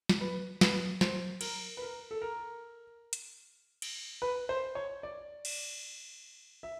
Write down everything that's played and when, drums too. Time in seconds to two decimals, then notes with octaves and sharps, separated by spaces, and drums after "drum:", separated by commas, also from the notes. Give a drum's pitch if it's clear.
0.09 drum: snare
0.21 B4
0.61 B4, drum: snare
1.01 C5, drum: snare
1.41 A#4, drum: cymbal
1.77 B4
1.82 A#4
2.11 A4
2.22 A#4
3.13 drum: hi-hat
3.82 drum: cymbal
4.22 B4
4.49 C5
4.75 C#5
5.03 D5
5.45 drum: cymbal
6.63 E5